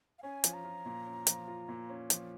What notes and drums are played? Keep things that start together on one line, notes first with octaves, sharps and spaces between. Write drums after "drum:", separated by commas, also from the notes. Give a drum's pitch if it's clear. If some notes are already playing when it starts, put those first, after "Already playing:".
F5
C#4 G#5
F3, drum: hi-hat
A#5
F4
A#2
C#4
F3, drum: hi-hat
F4
A#2
C#4
F3, drum: hi-hat